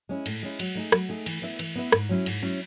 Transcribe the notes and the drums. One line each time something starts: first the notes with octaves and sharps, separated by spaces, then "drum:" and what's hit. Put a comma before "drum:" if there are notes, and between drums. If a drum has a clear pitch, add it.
G#3 C#4 E4
A2, drum: cymbal
G#3 C#4 E4
F#3, drum: cymbal
A3 D#4 G#4
F#3, drum: rim click
A3 D#4 G#4
E3, drum: cymbal
B3 E4 B4 E5
E3, drum: cymbal
B3 E4 B4 E5
G#2, drum: rim click
F#3 C#4 E4
G#2, drum: cymbal
F#3 C#4 E4